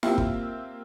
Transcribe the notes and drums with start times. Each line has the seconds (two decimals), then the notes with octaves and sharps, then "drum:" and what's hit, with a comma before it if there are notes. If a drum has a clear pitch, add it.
0.03 A#3 C4 F4 G4 E5, drum: snare
0.18 drum: kick